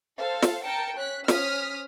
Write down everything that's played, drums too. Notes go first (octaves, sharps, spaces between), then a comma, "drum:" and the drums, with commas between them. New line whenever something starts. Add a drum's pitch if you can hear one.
A4 C5 F5
drum: snare
A#4 G5 A5 C#7
C#4 F#6 B6
C#4 C5 D#6 F6 B6, drum: snare